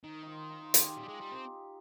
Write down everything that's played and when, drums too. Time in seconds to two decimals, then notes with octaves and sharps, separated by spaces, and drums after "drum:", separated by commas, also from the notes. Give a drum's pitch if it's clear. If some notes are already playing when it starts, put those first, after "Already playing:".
0.04 D#3 D#4
0.23 D#4 F4
0.50 D#4
0.62 F4
0.74 G4, drum: hi-hat
0.85 G#4
0.97 G3 G4
1.08 G#3 F4
1.21 G3
1.28 C4 G4